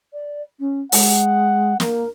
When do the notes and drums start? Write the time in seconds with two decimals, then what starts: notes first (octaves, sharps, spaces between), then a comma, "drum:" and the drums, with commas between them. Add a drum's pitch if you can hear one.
0.13 D5
0.59 C#4
0.92 G#3 F#5, drum: open hi-hat
1.80 A#3 A#4, drum: snare